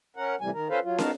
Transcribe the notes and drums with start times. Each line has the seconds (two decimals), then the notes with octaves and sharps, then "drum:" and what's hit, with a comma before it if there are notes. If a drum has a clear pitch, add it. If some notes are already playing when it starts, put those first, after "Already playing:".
0.17 C#4 A#4 F#5
0.41 A2 C3 E3 G3 G#5
0.53 D#3 A#4
0.69 C#4 F4 A4 B4 C5 F5
0.84 F#3 F4
0.98 B3 D#4 F#4 A#4 F5 A5, drum: snare